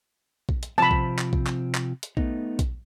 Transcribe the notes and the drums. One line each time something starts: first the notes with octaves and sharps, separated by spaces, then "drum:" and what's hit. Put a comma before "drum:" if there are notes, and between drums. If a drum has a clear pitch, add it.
drum: kick A#1
drum: hi-hat
C3 F3 C4 A5 B5
drum: kick A#1
drum: clap
drum: kick A#1
drum: clap
drum: clap
drum: hi-hat
A3 B3 D#4, drum: kick A#1
drum: kick A#1, hi-hat